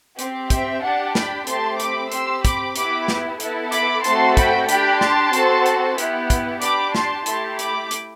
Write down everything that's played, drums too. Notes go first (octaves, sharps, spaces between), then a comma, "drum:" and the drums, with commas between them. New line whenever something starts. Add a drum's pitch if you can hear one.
C4 G4, drum: hi-hat
E5 G5, drum: kick, hi-hat
D4 G4 F#5 A5
G5 B5, drum: snare
A3 C4 G4 A5 C6, drum: hi-hat
B5 D6, drum: hi-hat
C4 G4 C6 E6, drum: hi-hat
B5 D6, drum: kick, hi-hat
B3 E4 G4 B5 D6, drum: hi-hat
drum: snare
B3 E4 A4, drum: hi-hat
B5 D6, drum: hi-hat
A3 C4 F#4 A4 A5 C6, drum: hi-hat
G5 B5, drum: kick, hi-hat
D4 G4 G5 B5, drum: hi-hat
A5 C6, drum: snare
C4 F#4 A4, drum: hi-hat
drum: hi-hat
B3 E4 G4, drum: hi-hat
drum: kick, hi-hat
D4 G4 B5 D6, drum: hi-hat
A5 C6, drum: snare
A3 E4 G4 A5 C6, drum: hi-hat
B5 D6, drum: hi-hat
drum: hi-hat